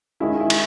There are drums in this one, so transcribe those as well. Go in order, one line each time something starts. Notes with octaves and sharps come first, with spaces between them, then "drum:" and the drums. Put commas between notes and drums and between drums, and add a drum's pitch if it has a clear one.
D#3 G#3 C#4 E4
E4
drum: cymbal